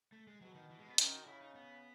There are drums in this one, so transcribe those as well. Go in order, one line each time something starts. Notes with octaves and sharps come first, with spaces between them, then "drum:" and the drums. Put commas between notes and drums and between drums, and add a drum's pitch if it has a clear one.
A3
G#3
B2 F#3
D#3
E3
G#3
B3
D#3 C#4, drum: hi-hat
F#4
C#3 E4
D#4
B3